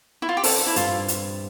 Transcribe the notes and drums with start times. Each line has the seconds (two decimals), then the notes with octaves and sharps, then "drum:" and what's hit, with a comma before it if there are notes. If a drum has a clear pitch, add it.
0.22 E4
0.29 F4
0.37 G4
0.44 C4 A4, drum: open hi-hat
0.67 E4
0.76 G2 F4, drum: hi-hat
1.08 drum: hi-hat